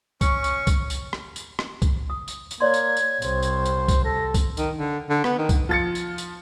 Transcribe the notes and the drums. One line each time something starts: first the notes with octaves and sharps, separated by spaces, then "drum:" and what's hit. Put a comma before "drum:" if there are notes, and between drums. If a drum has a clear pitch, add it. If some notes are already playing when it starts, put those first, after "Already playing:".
C#4 C#6, drum: kick C2, tambourine
drum: tambourine
drum: kick C2, tambourine
drum: tambourine
drum: rim click
drum: tambourine
drum: rim click
drum: kick C2, tambourine
D#6
drum: tambourine
drum: tambourine
A#3 C#5 D5 C6 G#6
drum: tambourine
drum: tambourine
C2 C5, drum: tambourine
drum: tambourine
drum: tambourine
drum: kick C2, tambourine
A4 A#6
drum: kick C2, tambourine
D#3, drum: tambourine
D3
D3
B3, drum: rim click
D#3
drum: kick C2, tambourine
F3 A6 C#7
drum: tambourine
drum: tambourine